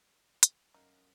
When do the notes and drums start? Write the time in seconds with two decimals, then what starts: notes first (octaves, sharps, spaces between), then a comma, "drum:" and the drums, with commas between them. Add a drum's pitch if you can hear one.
0.43 drum: hi-hat
0.74 F#2 D#4 D#5 F5